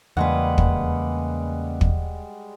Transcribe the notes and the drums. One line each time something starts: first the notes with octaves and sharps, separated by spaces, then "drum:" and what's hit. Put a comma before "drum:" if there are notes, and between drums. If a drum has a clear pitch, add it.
E2 C#3 G3 G#3 A#3 B4 F#5
drum: kick
drum: kick